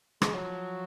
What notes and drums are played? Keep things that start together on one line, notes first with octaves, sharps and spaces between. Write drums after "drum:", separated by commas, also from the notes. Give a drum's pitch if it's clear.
G#3, drum: rim click
F3 F#3